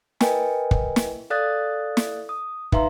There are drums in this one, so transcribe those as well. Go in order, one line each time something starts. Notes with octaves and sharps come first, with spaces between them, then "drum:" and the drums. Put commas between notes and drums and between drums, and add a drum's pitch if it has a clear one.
A#4 B4 D#5 G5 G#5, drum: snare
drum: kick
drum: snare
A4 D5 F5 D#6 F#6 A6
drum: snare
D#6
D#4 B4 E5 F5 A#5 C6, drum: kick